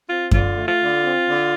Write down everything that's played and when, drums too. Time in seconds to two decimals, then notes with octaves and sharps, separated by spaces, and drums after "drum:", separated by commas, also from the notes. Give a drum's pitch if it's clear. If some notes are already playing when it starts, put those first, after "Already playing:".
0.08 C4 F4
0.31 D3 F4, drum: kick F#2
0.56 A3
0.67 F4
0.79 D3
1.02 C4
1.27 D3